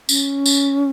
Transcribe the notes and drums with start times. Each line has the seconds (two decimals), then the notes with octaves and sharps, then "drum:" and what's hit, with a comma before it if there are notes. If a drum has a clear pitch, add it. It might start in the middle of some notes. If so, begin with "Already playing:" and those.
0.09 C#4, drum: tambourine
0.46 drum: tambourine